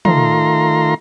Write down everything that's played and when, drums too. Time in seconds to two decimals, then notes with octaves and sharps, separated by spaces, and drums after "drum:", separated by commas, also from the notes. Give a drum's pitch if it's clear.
0.05 D#3 A3 F4 A#5 C6, drum: tom